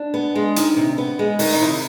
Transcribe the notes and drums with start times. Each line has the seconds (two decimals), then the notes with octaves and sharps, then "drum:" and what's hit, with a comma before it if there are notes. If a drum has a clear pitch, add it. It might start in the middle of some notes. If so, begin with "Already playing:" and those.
Already playing: D4
0.14 B3
0.35 G#3
0.56 D#3, drum: hi-hat
0.77 C3
0.98 B3
1.19 G#3
1.39 D#3, drum: open hi-hat
1.52 D#4
1.60 C3 E4